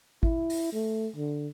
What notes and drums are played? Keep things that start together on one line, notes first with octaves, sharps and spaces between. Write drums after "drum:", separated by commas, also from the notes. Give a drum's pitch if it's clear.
E4, drum: kick G#1
drum: open hi-hat
A3
D3